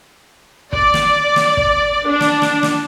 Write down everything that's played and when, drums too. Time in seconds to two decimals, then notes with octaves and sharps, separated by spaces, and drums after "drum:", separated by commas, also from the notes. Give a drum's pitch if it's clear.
0.73 D5, drum: kick
0.94 drum: snare
1.36 drum: snare
1.57 drum: kick
2.08 D4
2.21 drum: snare
2.42 drum: snare
2.63 drum: snare